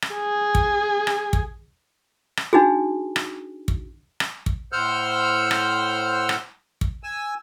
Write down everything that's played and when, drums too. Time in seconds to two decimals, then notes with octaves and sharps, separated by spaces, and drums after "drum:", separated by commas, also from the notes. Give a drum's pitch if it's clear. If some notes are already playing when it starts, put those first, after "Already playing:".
0.02 drum: rim click
0.14 G#4
0.55 drum: kick
1.07 drum: rim click
1.33 drum: kick
2.37 drum: rim click
2.53 D4 D#4 F#4 G#4
3.16 drum: rim click
3.68 drum: kick
4.20 drum: rim click
4.46 drum: kick
4.72 A2 C5 F#5 E6 F6 G6
5.51 drum: rim click
6.29 drum: rim click
6.81 drum: kick
7.03 G#5 E6